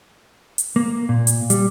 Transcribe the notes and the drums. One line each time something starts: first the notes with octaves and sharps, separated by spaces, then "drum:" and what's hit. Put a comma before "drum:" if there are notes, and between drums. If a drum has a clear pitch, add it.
drum: hi-hat
A#3
A#2
drum: hi-hat
G3, drum: hi-hat